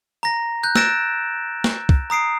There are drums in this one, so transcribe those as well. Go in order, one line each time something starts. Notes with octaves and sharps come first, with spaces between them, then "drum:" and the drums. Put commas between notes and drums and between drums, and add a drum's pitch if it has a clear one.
A#5 A#6
F#6 G6
E6 F#6 A6 A#6 D7 E7, drum: snare
drum: snare
drum: kick
A#5 D#6 C7 D7